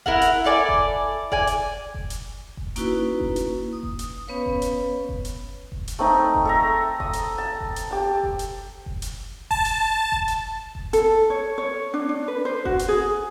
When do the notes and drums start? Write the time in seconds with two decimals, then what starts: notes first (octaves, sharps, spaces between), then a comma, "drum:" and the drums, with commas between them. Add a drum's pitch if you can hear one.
0.06 E4 A#4 F#5, drum: kick F1
0.21 drum: hi-hat
0.44 E4 A4 D5 G#5
0.69 drum: kick F1
1.32 D5 G#5, drum: kick F1
1.47 drum: hi-hat
1.94 drum: kick F1
2.10 drum: hi-hat
2.57 drum: kick F1
2.76 A#3 C#4 D#4 E4 F#4 B4, drum: hi-hat
3.20 drum: kick F1
3.36 drum: hi-hat
3.73 D#6
3.83 drum: kick F1
3.99 drum: hi-hat
4.27 B3 C#4 B4 C#5 F5
4.46 drum: kick F1
4.62 drum: hi-hat
5.09 drum: kick F1
5.25 drum: hi-hat
5.72 drum: kick F1
5.88 drum: hi-hat
5.99 A3 C4 D#4
6.35 drum: kick F1
6.45 A4 E5 A#5
7.00 D#6, drum: kick F1
7.13 drum: hi-hat
7.38 A5
7.60 drum: kick F1
7.76 drum: hi-hat
7.91 G4 A5
8.23 drum: kick F1
8.39 drum: hi-hat
8.86 drum: kick F1
9.02 drum: hi-hat
9.51 A5, drum: kick F1
9.65 drum: hi-hat
10.12 drum: kick F1
10.28 drum: hi-hat
10.75 drum: kick F1
10.93 A4, drum: hi-hat
11.30 C#5
11.58 C#5
11.94 D4
12.09 D4
12.28 B4
12.45 C5
12.65 F#4, drum: kick F1
12.79 drum: hi-hat
12.88 G#4